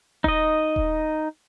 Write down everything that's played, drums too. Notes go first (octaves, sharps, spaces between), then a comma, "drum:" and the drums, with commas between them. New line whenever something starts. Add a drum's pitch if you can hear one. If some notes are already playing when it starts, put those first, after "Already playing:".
D#4 D#5, drum: kick D#1
drum: kick D#1